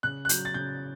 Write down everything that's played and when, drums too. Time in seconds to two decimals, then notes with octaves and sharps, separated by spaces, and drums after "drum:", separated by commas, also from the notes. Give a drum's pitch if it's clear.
0.03 C#3 F#6
0.25 F#6
0.29 F#3 G6, drum: hi-hat
0.45 A6
0.54 C#3 G6